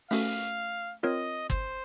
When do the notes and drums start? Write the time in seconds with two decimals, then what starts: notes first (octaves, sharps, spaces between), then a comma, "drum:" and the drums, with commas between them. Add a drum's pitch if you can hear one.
0.11 A3 C#4 F#4 A4 F5, drum: open hi-hat
1.03 C4 F4 A#4 C#5 D#5
1.50 C5, drum: kick